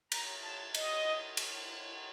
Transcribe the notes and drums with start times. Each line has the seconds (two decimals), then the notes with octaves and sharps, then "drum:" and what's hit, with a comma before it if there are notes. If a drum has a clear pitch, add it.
0.12 A#5, drum: cymbal
0.43 A5
0.74 D#5, drum: cymbal
1.37 drum: cymbal